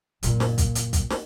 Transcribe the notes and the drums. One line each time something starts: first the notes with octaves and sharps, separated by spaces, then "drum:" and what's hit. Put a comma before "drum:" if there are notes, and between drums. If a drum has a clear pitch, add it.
F#1 A#2, drum: hi-hat
drum: snare
drum: kick, hi-hat
drum: hi-hat
drum: kick, hi-hat
drum: snare